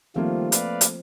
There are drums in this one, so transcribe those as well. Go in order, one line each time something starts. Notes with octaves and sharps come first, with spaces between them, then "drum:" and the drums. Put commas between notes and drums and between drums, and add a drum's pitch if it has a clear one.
D#3 F3 G3 A3 A#3 C4 F4
B4 D5 F5, drum: hi-hat
drum: hi-hat